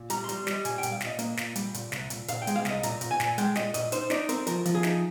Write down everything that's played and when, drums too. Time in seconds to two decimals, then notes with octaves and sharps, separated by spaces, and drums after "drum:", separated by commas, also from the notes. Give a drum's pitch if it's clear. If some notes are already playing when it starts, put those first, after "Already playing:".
Already playing: A#2
0.10 G3 A#5, drum: hi-hat
0.24 C6
0.29 G3, drum: hi-hat
0.37 C6
0.47 G3 D#5, drum: snare
0.65 A#2 G#5, drum: hi-hat
0.78 G5
0.83 A#2, drum: hi-hat
0.92 F5
1.01 A#2 D#5, drum: snare
1.19 A#3 D#5, drum: hi-hat
1.37 A#2, drum: snare
1.56 G3, drum: hi-hat
1.74 A#2, drum: hi-hat
1.92 C2, drum: snare
2.10 A#2, drum: hi-hat
2.28 A#2 F5, drum: hi-hat
2.42 G5
2.47 G#3, drum: hi-hat
2.56 F5
2.65 C2 D#5, drum: snare
2.83 A#2 A#5, drum: hi-hat
3.01 A#2, drum: hi-hat
3.11 G#5
3.20 A#2, drum: snare
3.38 G#3 G5, drum: hi-hat
3.55 A#2 D#5, drum: snare
3.74 A#2 D#5, drum: hi-hat
3.92 D#4 C5, drum: hi-hat
4.10 D#4 D5, drum: snare
4.29 C4 A#4, drum: hi-hat
4.47 F3 A#4, drum: hi-hat
4.65 F3, drum: hi-hat
4.74 G#4
4.83 D#4, drum: snare